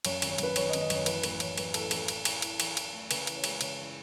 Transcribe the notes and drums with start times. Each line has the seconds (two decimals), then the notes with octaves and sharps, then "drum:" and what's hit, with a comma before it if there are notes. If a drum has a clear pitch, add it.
0.05 F#2 C#5, drum: cymbal
0.22 G#1, drum: cymbal
0.30 C#5
0.38 F#2 B4, drum: cymbal
0.56 G#1 C#5, drum: cymbal
0.69 D#5
0.73 G#1, drum: cymbal
0.81 D#5
0.90 F#2 C#5, drum: cymbal
1.06 A1 B4, drum: cymbal
1.23 A2 B4, drum: cymbal
1.40 A1 C#5, drum: cymbal
1.58 F#3 B4, drum: cymbal
1.74 A2 A4, drum: cymbal
1.91 A1 A4, drum: cymbal
2.08 E3, drum: cymbal
2.25 E3, drum: cymbal
2.42 E3, drum: cymbal
2.60 E3, drum: cymbal
2.77 E3, drum: cymbal
2.93 A3
3.11 C#3 B4, drum: cymbal
3.27 E3, drum: cymbal
3.36 C#5
3.44 G#3, drum: cymbal
3.61 C#3 C#5, drum: cymbal
3.79 E3